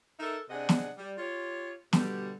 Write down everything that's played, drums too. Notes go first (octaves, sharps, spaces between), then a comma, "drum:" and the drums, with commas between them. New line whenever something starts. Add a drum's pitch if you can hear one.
D#4 A4 A#4 E5
C3 D4 G#4 D#5 F#5
drum: snare
G3
F4 G4 C#5
B2 D3 G3, drum: snare